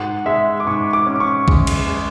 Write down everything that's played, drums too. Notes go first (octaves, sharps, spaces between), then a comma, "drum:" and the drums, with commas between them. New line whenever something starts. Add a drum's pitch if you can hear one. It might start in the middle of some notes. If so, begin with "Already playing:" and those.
Already playing: G#2 F#5
G#3 E5
D6
G#2 C#6
D6
C#4
C#6
G#3, drum: kick B1
drum: cymbal
G#3